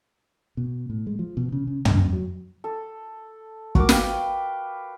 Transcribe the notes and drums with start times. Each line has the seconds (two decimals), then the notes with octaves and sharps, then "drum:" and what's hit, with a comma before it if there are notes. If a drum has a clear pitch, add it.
0.57 B2
0.90 A2
1.07 G#3
1.19 F3
1.37 B2
1.52 C#3
1.67 C#3
1.85 C2, drum: tom
1.99 F#2
2.13 F#3
2.64 A4
3.75 F#4 A#4 D6, drum: kick
3.89 B4 F5 G5, drum: snare